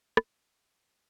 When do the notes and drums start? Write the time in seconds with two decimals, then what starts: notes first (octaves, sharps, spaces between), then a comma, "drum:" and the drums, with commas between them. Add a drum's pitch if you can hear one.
0.17 G2 E3 A3 C4 E4, drum: rim click
0.92 E3 B3